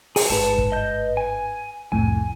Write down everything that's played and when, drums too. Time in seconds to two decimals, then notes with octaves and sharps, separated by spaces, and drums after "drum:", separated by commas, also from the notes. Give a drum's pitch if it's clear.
0.16 G#4, drum: open hi-hat
0.30 G1 G#2 B4 A5
0.58 drum: kick
0.72 D#5 G6
1.17 G#5
1.92 C2 F2 A2 G#5